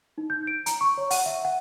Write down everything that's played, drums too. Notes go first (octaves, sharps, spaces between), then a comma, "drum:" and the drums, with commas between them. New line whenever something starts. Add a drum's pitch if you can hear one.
D#4
G6
D7
A#5, drum: hi-hat
C#6
C#5
F#5, drum: open hi-hat
E5
F#5